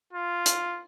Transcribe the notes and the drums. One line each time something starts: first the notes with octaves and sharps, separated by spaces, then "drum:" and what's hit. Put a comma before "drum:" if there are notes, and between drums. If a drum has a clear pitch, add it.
F4
drum: hi-hat